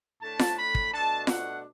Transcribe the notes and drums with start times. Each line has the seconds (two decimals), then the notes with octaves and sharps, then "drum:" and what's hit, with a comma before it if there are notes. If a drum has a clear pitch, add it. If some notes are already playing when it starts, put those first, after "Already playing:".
0.22 A2 A3 D4 A5
0.39 drum: snare F4
0.57 B5
0.75 drum: kick
0.92 B2 A3 D4 A5
1.27 F#5, drum: snare F4